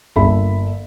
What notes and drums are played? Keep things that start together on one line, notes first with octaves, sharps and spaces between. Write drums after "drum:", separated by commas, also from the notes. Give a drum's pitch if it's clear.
G1 A#3 A4 E5 B5, drum: kick B1